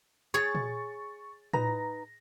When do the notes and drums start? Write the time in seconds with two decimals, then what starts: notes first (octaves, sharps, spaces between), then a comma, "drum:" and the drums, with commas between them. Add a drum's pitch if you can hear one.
0.34 G#4 C#5 C#6 A6
0.55 drum: tom A#2
1.53 D#4 B4 A#5 A#6, drum: tom A2